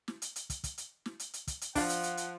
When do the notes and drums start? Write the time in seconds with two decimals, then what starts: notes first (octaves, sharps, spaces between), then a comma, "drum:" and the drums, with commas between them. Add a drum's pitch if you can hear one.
0.08 drum: snare
0.22 drum: hi-hat
0.36 drum: hi-hat
0.50 drum: kick, hi-hat
0.64 drum: kick, hi-hat
0.78 drum: hi-hat
1.06 drum: snare
1.20 drum: hi-hat
1.34 drum: hi-hat
1.47 drum: kick, hi-hat
1.61 drum: hi-hat
1.75 F3 D4 D5 F5 F#5, drum: kick, open hi-hat
1.89 drum: hi-hat
2.03 drum: hi-hat
2.17 drum: hi-hat